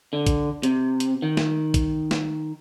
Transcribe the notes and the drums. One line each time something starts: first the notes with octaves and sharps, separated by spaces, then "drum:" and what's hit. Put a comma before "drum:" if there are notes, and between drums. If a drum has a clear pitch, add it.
D3
drum: kick, hi-hat
C3, drum: hi-hat
drum: hi-hat
D#3
drum: snare
drum: kick, hi-hat
drum: snare